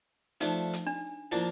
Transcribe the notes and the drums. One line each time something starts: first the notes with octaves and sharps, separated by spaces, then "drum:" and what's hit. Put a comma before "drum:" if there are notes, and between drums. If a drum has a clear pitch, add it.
F3 A3 D4 D#4, drum: hi-hat
drum: hi-hat
D4
F3 A#3 D4 E4 F4